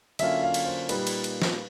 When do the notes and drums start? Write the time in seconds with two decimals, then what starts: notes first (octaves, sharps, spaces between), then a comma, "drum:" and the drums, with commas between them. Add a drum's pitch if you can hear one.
0.19 D3 F#3 A#3 C#4 F4 E5, drum: cymbal
0.43 F5
0.54 drum: cymbal
0.66 C5
0.89 A#2 G3 A#3 D#4 B4, drum: cymbal
1.07 drum: cymbal
1.24 drum: cymbal
1.42 drum: snare